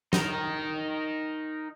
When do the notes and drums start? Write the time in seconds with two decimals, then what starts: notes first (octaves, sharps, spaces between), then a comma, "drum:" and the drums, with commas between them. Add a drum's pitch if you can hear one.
0.13 D#4 A#4, drum: snare